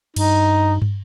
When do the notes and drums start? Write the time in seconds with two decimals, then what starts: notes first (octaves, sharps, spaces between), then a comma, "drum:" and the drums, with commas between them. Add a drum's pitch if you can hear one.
0.16 G2 D#4, drum: cymbal
0.82 drum: tom